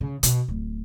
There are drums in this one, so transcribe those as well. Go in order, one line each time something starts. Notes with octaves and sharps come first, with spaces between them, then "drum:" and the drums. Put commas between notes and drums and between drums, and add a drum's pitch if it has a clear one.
C#3
B2, drum: hi-hat
D1